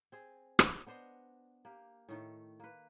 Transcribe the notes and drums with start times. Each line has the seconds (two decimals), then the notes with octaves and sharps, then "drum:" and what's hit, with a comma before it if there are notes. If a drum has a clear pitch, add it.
0.12 C4 G#4
0.59 drum: rim click
0.86 B3 D4 C5 D#5
1.65 A#3 G4
2.09 A2 D#3 A3
2.60 A#3 B4